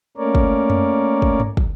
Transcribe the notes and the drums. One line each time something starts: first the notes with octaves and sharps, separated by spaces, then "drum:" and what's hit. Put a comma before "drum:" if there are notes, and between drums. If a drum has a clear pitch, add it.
A3 A#3 C#4 A#4 C#5 D5
drum: kick
drum: tom F2
drum: kick
drum: tom G2
drum: kick